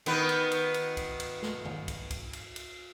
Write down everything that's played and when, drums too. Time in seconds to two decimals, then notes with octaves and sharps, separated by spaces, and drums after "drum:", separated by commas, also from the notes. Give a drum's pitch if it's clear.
0.06 D#3 B3 B4, drum: cymbal
0.29 drum: cymbal
0.52 drum: cymbal
0.74 drum: cymbal
0.97 drum: kick, cymbal
1.20 drum: cymbal
1.42 drum: snare
1.65 drum: tom
1.88 drum: kick, cymbal
2.11 drum: kick, cymbal
2.33 drum: cymbal
2.56 drum: cymbal